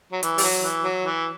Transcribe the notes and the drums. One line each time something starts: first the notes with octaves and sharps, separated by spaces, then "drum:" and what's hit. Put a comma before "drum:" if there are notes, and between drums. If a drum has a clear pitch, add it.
F#3
E3, drum: hi-hat
G3, drum: open hi-hat
F#3
E3
F#3
E3